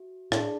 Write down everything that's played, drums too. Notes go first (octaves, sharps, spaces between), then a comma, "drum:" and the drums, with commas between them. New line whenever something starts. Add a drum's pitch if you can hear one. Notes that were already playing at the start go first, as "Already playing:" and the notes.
Already playing: F#4 E5
A2 D4 G#4 D5 A5, drum: rim click